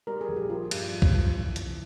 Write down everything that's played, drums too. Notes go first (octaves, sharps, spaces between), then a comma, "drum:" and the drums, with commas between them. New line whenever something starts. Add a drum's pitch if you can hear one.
G3 A#4
G#4
A#1
G4
F3 F4
G2, drum: cymbal
F3
drum: kick
F3
E3
F1, drum: hi-hat